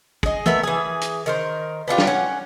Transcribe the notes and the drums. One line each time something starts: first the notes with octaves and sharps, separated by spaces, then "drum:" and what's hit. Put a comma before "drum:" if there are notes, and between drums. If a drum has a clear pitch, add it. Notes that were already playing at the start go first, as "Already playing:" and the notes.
G#4 D#5, drum: kick
A3 B3 A#4 E5, drum: tom
E3 G#4
drum: hi-hat
D#3 A#4 C5
B3 D4 F4 G4
drum: snare
C#4 F#5